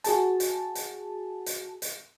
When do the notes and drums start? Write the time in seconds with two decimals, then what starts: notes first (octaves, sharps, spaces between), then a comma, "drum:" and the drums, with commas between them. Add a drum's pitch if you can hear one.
0.04 F#4 G#4 A5, drum: hi-hat
0.40 drum: hi-hat
0.75 drum: hi-hat
1.46 drum: hi-hat
1.82 drum: hi-hat